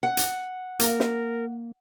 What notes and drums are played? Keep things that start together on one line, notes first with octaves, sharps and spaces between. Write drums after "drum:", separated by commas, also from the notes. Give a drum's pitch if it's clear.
F#5
drum: hi-hat
A#3 A#4, drum: hi-hat
drum: snare